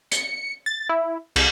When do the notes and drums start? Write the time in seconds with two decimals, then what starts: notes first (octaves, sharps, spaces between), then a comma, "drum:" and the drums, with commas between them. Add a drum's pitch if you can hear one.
0.11 C#7, drum: hi-hat
0.66 A6
0.89 E4
1.36 C2, drum: cymbal